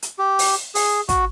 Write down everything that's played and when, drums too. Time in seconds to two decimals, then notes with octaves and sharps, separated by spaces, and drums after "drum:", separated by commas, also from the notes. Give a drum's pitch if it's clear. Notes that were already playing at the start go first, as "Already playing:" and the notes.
0.02 drum: hi-hat
0.19 G4
0.39 drum: open hi-hat
0.75 G#4, drum: open hi-hat
1.09 F#4, drum: kick, hi-hat